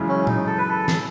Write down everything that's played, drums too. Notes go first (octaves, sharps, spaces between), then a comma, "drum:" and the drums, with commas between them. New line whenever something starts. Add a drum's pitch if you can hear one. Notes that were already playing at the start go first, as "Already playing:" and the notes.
Already playing: F#2 C#3 E3 G#3
C#4
D#4, drum: tom A#2
A4
B4
A4
drum: snare